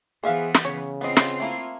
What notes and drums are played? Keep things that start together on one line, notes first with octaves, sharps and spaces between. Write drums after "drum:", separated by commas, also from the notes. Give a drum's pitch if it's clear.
E3 B3 G#4 C5 E5 F5
drum: snare
C#3 C#5
B3 C4 F4 D#5
drum: snare
A3 A#3 E4